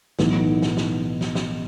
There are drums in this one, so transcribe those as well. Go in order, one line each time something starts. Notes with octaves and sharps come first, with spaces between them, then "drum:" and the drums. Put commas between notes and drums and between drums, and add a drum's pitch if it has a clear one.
B1 A2 E3 B3 D#4, drum: snare
drum: snare
drum: snare
drum: snare
drum: snare